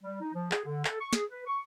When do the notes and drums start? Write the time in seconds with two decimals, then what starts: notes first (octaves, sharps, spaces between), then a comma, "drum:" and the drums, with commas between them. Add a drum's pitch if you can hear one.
0.03 G3
0.21 D#4
0.33 F3
0.51 G#4, drum: clap
0.65 D3
0.85 A4, drum: clap
1.00 C#6
1.13 G#4, drum: snare
1.29 B4
1.47 C#6